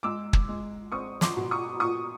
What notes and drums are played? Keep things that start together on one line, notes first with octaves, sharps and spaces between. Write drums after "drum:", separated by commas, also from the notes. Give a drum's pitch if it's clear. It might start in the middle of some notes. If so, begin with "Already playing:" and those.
G#3 D6 E6
drum: kick
G#3
C4 C#6 D#6
C6 D6, drum: snare
B2
C#6 D#6
A#2 C#6 D#6